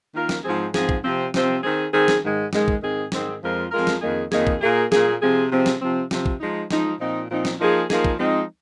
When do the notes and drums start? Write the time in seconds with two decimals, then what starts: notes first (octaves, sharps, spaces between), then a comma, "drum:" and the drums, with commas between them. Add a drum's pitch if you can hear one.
0.15 D#3 A#3 F4 A#4
0.29 drum: snare
0.44 G#2 F3 C4 G#4
0.74 G#2 F3 C4 G#4, drum: snare
0.89 drum: kick
1.04 C3 F3 C4
1.34 C3 F3 C4, drum: snare
1.64 D#3 C4 G#4
1.93 D#3 C4 G#4
2.08 drum: snare
2.23 G#2 D#3 G#3
2.53 G#2 D#3 G#3, drum: snare
2.68 drum: kick
2.82 G#2 D#3 C4 G#4
3.12 G#2 D#3 C4 G#4, drum: snare
3.42 F2 F3 G#3 F4 A#4
3.72 F2 F3 G#3 F4 A#4
3.87 drum: snare
4.02 F2 D#3 A#3 G#4
4.32 F2 D#3 A#3 G#4, drum: snare
4.47 drum: kick
4.61 A#2 A#3 G#4
4.92 A#2 A#3 G#4, drum: snare
5.22 C3 F3 C4 G#4
5.51 C3 F3 C4 G#4
5.66 drum: snare
5.81 C3 F3 C4
6.11 C3 F3 C4, drum: snare
6.26 drum: kick
6.40 F3 G#3 D#4
6.71 F3 G#3 D#4, drum: snare
7.00 A#2 F3 C4 D#4
7.31 A#2 F3 C4 D#4
7.45 drum: snare
7.60 F3 A#3 D#4 G#4
7.90 F3 A#3 D#4 G#4, drum: snare
8.04 drum: kick
8.19 F3 G#3 C4 D#4